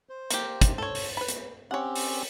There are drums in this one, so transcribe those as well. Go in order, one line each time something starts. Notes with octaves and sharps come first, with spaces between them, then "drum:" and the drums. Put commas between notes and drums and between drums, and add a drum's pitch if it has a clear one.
C5
A#3 G4, drum: hi-hat
drum: kick, hi-hat
A4 C#5
drum: open hi-hat
B4 B5
drum: hi-hat
C4 C#4 G4 C#5 F#5
drum: open hi-hat